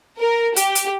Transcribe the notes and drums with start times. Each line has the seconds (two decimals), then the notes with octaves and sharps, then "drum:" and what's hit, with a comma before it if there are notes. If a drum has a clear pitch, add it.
0.20 A#4
0.56 G4, drum: hi-hat
0.75 drum: hi-hat